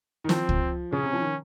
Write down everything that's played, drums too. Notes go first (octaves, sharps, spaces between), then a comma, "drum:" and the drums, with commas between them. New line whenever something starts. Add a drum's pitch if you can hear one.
D#3
F3 C4, drum: snare
drum: kick
C#3 C#4
C3
F3
D#3